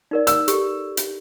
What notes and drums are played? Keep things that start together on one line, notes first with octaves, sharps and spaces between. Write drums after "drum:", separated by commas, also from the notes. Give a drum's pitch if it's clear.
D#4 A#4 D5
E6, drum: hi-hat
G4 A4, drum: hi-hat
drum: hi-hat